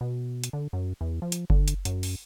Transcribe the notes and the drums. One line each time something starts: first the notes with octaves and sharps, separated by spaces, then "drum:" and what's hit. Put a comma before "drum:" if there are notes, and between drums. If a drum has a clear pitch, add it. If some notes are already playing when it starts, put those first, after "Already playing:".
B2
drum: hi-hat
D3
F#2
E2
F3
drum: hi-hat
D3, drum: kick F#1
drum: hi-hat
F#2, drum: hi-hat
drum: open hi-hat